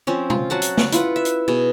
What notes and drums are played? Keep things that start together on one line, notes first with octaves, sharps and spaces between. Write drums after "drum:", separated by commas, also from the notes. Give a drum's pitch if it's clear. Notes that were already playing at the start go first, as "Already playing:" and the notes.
F3 C4 C#4
F4, drum: tom
F#3 F#5 A5
drum: hi-hat
drum: snare
E4 F4 B4 F#5, drum: hi-hat
E5
drum: hi-hat
B2 G#4